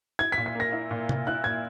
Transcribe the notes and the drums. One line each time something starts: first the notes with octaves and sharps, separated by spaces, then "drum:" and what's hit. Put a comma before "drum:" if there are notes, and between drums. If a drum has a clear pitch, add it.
E4 G#6
B6
A#2
B6
A#3 A#6
E4
A#2
A#2, drum: tom
E4 F#6
A#2 G#6